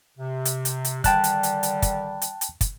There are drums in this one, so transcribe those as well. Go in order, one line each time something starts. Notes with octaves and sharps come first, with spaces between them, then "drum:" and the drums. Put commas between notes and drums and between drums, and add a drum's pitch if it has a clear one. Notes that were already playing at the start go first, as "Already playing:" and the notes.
C3
drum: hi-hat
drum: hi-hat
drum: hi-hat
D3 D#3 G3 G5 A5 F#6, drum: kick, hi-hat
drum: hi-hat
drum: hi-hat
drum: hi-hat
drum: kick, hi-hat
drum: hi-hat
drum: hi-hat
drum: kick, hi-hat